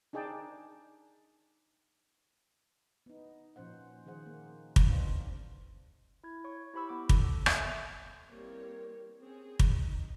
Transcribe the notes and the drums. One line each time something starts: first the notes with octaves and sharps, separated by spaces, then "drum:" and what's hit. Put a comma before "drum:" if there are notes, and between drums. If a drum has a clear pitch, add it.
D4 D#4 G#4 D5 G5 A5
B3 D#4
A#2 F3 C#4 C5 F#5
D#3 F3 G#4 C5 F#5
A#3
drum: kick
B3 C4 D4 D#4 F4
E4 G#6
C#5 C#6
E4 G4 C5 B5 C#6 E6
B3 D6 E6
A4, drum: kick
E5, drum: rim click
E3 G3 A#3 C4 A#4 C#5
C4 C#4 G#4
D#4, drum: kick